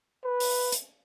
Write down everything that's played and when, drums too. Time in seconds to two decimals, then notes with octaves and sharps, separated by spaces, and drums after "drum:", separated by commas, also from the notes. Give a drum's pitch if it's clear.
0.24 B4
0.40 drum: open hi-hat
0.72 drum: hi-hat